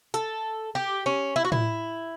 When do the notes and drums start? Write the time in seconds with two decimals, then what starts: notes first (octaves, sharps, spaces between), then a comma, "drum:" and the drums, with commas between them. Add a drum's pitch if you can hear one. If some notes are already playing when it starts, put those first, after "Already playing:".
0.14 A4, drum: hi-hat
0.75 G4
1.06 C#4
1.36 E4
1.45 F#4
1.52 E4, drum: tom A2